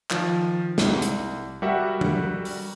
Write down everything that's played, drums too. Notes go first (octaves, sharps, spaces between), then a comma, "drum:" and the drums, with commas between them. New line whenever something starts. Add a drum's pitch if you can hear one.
D#3 F3, drum: clap
C2, drum: snare
drum: hi-hat
G3 F#4 A#4 E5 F#5
drum: tom F3
drum: open hi-hat